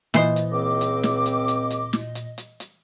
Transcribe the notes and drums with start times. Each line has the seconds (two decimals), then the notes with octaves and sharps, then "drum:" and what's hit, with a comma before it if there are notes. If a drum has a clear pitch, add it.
0.14 A#2 E3 C5 D#5, drum: snare
0.36 drum: hi-hat
0.52 C#2 C4 D6
0.81 drum: hi-hat
1.03 drum: snare
1.26 drum: hi-hat
1.48 drum: hi-hat
1.71 drum: hi-hat
1.93 drum: snare
2.15 drum: hi-hat
2.38 drum: hi-hat
2.60 drum: hi-hat